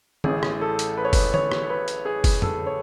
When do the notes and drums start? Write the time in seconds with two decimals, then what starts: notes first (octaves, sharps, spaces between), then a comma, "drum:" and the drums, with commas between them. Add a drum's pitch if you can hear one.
0.24 A1 A2 E3 G#4, drum: tom D3
0.43 drum: rim click
0.61 A4
0.79 drum: hi-hat
0.97 B4
1.05 C#5
1.13 B4, drum: kick F#1, open hi-hat
1.34 C#5, drum: tom D3
1.52 drum: rim click
1.69 B4
1.88 drum: hi-hat
2.05 G#4
2.24 drum: kick F#1, open hi-hat
2.42 A4, drum: tom
2.67 C#5